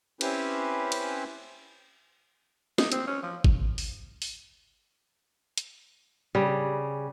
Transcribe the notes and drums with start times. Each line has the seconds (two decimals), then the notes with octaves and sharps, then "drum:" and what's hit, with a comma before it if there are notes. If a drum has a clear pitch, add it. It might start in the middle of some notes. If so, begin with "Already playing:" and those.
0.21 C4 C#4 E4 G4 B4 C5, drum: cymbal
0.92 drum: cymbal
2.78 D#4, drum: snare
2.92 C4, drum: hi-hat
3.07 C#4
3.23 F3
3.44 drum: kick
3.78 drum: open hi-hat
4.22 drum: open hi-hat
5.58 drum: hi-hat
6.35 C#3 G3